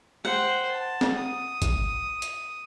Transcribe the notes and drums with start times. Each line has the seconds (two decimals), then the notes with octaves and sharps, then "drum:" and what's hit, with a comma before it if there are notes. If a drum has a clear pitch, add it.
0.25 C5 F#5 G5
0.71 A5
1.01 drum: snare
1.17 D#6
1.62 drum: kick, hi-hat
2.22 drum: hi-hat